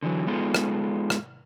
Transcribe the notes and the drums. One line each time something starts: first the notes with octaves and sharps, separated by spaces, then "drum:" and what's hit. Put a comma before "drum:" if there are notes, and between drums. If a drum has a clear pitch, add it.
D3 E3 F#3
G#3 B3 D#4 F4 A4
drum: rim click
drum: rim click